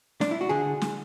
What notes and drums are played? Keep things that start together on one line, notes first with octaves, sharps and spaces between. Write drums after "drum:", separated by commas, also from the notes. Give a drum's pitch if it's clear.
D4, drum: snare
E4
F#4
D3 G#4
drum: snare